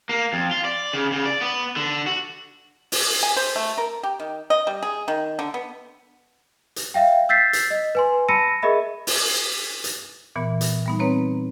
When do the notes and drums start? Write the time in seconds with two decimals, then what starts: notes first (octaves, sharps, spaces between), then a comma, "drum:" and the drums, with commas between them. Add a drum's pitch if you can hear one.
0.09 A#3
0.33 F2
0.51 F4
0.65 D5
0.93 C#3
1.12 C#3
1.25 D5
1.41 B3
1.77 D3
2.06 F#4
2.92 drum: open hi-hat
3.23 G#5
3.37 C5
3.56 A3
3.78 A#4
4.03 G4
4.20 D#3
4.50 D#5
4.67 G3
4.83 G#4
5.08 D#3
5.39 D3
5.54 B3
6.76 drum: hi-hat
6.94 E5 F5 G5
7.29 E6 G6 A6 B6 C7
7.53 drum: hi-hat
7.70 D#5
7.95 B4 G#5 C6
8.28 A5 B5 E6 A#6 C#7 D#7
8.62 G#4 A#4 D#5 E5 B5
9.07 drum: open hi-hat
9.84 drum: hi-hat
10.36 A#2 E3 B3
10.61 drum: hi-hat
10.86 G3 B3 D#4
10.99 C4 B4 C#5 A#5